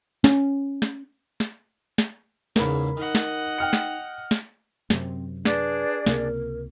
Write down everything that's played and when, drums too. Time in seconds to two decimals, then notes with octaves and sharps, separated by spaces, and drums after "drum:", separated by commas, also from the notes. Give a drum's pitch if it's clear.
0.24 C#4, drum: snare
0.82 drum: snare
1.40 drum: snare
1.98 drum: snare
2.56 E2 G#2 C#3 A#4 B5, drum: snare
2.97 D#3 D#5 F#5
3.15 drum: snare
3.58 G5 F6 C#7
3.73 drum: snare
4.31 drum: snare
4.90 F#2 C3 C4, drum: snare
5.45 D4 G#4 B4 D5, drum: snare
6.07 C#2 C3 A#3 A#4, drum: snare